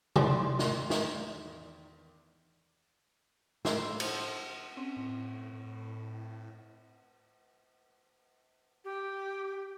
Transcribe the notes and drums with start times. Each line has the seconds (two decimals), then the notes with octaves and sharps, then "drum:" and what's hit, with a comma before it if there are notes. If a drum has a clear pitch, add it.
0.16 E2 D#3 D4 D5 B5 C6, drum: tom C3
0.59 drum: snare
0.90 drum: snare
3.65 A2 C6 E6, drum: snare
4.00 F3 C5, drum: cymbal
4.77 C4 C#4
4.97 A2
5.53 A2
8.84 G4